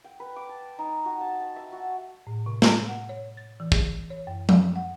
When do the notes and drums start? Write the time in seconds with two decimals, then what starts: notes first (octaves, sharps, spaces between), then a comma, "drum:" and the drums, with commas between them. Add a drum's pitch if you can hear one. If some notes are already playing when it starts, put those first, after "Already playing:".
0.04 G5
0.20 B4
0.36 D6
0.49 A5
0.79 D#4
1.05 F#4
1.21 A5
1.40 A5
1.56 E5
1.72 F#4
2.27 A2
2.46 C3
2.62 drum: snare
2.88 F#5
3.09 C#5
3.37 A6
3.60 E3
3.72 G#4, drum: kick
4.10 C#5
4.27 F#2
4.49 drum: tom F3
4.76 F#5